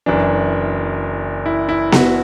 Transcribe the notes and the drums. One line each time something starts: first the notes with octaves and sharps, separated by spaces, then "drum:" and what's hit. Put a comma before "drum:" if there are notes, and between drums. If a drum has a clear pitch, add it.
F#1 F#2 E3 D4
E4
E4
F#4, drum: snare B3